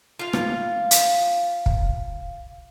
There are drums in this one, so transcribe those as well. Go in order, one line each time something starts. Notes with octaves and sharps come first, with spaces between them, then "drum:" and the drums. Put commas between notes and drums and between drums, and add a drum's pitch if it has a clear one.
F4 F5
drum: rim click
drum: hi-hat
drum: kick